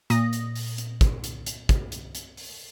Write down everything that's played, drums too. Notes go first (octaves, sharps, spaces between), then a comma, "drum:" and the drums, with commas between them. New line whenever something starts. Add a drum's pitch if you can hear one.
A#2 D#6 A#6, drum: hi-hat
drum: hi-hat
drum: open hi-hat
drum: hi-hat
drum: kick, hi-hat
drum: hi-hat
drum: hi-hat
drum: kick, hi-hat
drum: hi-hat
drum: hi-hat
drum: open hi-hat